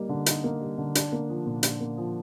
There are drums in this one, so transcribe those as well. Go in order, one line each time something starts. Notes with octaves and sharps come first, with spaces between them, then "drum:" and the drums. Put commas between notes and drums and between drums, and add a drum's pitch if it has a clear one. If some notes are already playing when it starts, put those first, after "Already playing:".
Already playing: G3 A#3 D#4
D3
D#4, drum: hi-hat
A#3
G3
D3
D4, drum: hi-hat
A#3
F3
A#2
D4, drum: hi-hat
A#3
F3